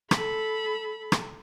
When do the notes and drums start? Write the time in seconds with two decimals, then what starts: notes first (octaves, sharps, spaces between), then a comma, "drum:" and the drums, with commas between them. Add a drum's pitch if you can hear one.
0.11 A4 B5, drum: rim click
1.12 drum: rim click